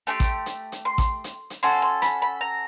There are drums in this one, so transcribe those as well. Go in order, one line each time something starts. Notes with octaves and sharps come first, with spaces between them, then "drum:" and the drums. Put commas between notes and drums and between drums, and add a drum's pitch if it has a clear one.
A3 D4 G4 C6
drum: kick A1, hi-hat
drum: hi-hat
drum: hi-hat
C6
drum: kick A1, hi-hat
drum: hi-hat
drum: hi-hat
C#4 F#4 A4 C6
C6
B5, drum: hi-hat
B5
A#5